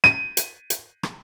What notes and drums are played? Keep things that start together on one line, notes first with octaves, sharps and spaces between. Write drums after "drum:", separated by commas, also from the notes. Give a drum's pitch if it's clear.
D#7, drum: rim click
drum: hi-hat
drum: hi-hat
drum: rim click